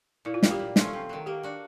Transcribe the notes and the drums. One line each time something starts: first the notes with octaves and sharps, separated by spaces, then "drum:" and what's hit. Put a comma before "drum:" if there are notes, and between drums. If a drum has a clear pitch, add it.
A#2 E4
F4
G3 A#3, drum: snare
G4
A#2
F3 A3 C#4 F4, drum: snare
C3
D#3 F#3
A#3 G4
D4 F#4